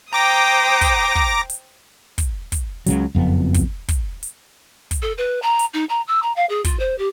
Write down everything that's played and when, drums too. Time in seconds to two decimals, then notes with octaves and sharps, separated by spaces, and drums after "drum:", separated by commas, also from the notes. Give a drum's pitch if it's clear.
0.13 C5 G5 A#5 D6 D#6 A#6
0.81 drum: kick, hi-hat
1.15 drum: kick
1.50 drum: hi-hat
2.18 drum: kick, hi-hat
2.52 drum: kick, hi-hat
2.86 C#2 C#3 F#3, drum: hi-hat
3.15 F#1 F2 B3
3.54 drum: kick, hi-hat
3.88 drum: kick, hi-hat
4.23 drum: hi-hat
4.91 drum: kick, hi-hat
5.02 A4
5.18 B4
5.42 A#5
5.59 drum: hi-hat
5.73 D#4
5.89 A#5
6.07 E6
6.22 A#5
6.36 F5
6.49 G#4
6.64 F4, drum: kick, hi-hat
6.79 C5
6.98 G4